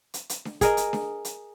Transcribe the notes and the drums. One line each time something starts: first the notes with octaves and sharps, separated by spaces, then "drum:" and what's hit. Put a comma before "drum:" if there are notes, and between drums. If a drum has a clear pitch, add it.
drum: hi-hat
drum: hi-hat
drum: snare D4
G#4 A#4 D#5, drum: kick, hi-hat
drum: hi-hat
drum: snare D4
drum: hi-hat